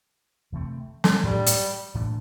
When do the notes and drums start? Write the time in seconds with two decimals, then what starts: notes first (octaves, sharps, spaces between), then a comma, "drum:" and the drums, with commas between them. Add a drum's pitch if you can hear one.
0.52 C3 E3 A3 C4
1.04 drum: snare
1.23 A2 E3 G3 A3 D4
1.47 drum: hi-hat
1.94 A2 E3 A3 D4